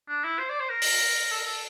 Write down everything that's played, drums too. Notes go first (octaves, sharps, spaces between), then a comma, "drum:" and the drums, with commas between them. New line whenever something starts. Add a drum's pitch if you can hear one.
D4
E4
C5
D5
C5
A#4
drum: open hi-hat
A4
A#4
A4